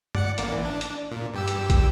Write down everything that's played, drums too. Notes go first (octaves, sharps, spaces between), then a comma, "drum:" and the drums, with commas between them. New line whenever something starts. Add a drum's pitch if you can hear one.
D5 F#5 C#7, drum: tom G2
A1 A#3 D5, drum: hi-hat
E3
D4
drum: hi-hat
A#2
G2 G4 E6
drum: hi-hat
drum: kick, hi-hat